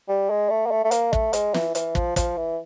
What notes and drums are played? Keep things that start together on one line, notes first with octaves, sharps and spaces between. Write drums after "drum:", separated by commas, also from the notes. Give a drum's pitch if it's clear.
G3
G#3
A3
A#3
A3
A3
A#3, drum: hi-hat
A3, drum: kick
G#3, drum: hi-hat
E3, drum: snare
E3, drum: hi-hat
F3, drum: kick
F3, drum: kick, hi-hat
E3